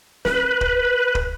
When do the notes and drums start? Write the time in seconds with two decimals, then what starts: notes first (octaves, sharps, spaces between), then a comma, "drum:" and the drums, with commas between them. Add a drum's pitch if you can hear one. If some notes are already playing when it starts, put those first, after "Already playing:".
0.25 B4, drum: snare
0.61 drum: kick
1.15 drum: kick